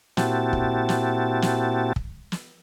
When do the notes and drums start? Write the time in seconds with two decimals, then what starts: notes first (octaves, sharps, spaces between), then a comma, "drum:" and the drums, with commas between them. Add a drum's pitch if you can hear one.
0.17 A#2 C4 E4 F#4 G4 A5, drum: snare
0.53 drum: kick
0.89 drum: snare
1.42 drum: snare
1.96 drum: kick
2.32 drum: snare